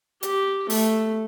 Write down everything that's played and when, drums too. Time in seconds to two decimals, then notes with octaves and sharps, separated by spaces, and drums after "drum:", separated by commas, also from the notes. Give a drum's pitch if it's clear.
0.23 G4, drum: hi-hat
0.70 A3, drum: open hi-hat